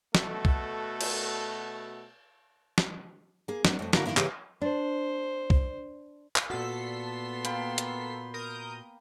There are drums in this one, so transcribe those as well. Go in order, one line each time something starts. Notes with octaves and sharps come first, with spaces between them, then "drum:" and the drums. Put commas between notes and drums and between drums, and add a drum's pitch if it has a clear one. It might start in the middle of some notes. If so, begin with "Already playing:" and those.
B2 A3 F#4 A4, drum: snare
drum: kick
drum: cymbal
drum: snare
A#3 G#4
F#3 A3 A#3 C4 D4, drum: snare
F2 A3
D3 A#3 E4 F#4 A#4, drum: snare
D#3 E3 A#3 E4
C#3 E3 A#3 G4 G#4, drum: clap
D4 C5
drum: kick
drum: clap
A#2 B3 F#4 A4 C6 B6 C7
A#3 G5 B5, drum: hi-hat
drum: hi-hat
A#4 D#6 G6